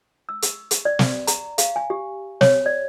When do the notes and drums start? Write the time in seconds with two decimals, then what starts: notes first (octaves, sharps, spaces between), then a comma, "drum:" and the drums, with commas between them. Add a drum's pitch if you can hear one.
0.29 E6
0.42 drum: hi-hat
0.71 drum: hi-hat
0.85 D5
0.99 drum: snare
1.27 A#5, drum: hi-hat
1.58 F5, drum: hi-hat
1.76 G#5
1.90 G4
2.41 C#5, drum: snare
2.66 D5